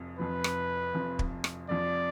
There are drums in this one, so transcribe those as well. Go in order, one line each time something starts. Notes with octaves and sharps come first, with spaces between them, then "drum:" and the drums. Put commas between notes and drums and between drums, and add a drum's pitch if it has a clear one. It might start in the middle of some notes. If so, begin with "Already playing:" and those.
Already playing: F1 F2 F3
F1 F2 F3 B4
drum: rim click
F1 F2 F3
drum: kick
drum: rim click
F1 F2 F3 D5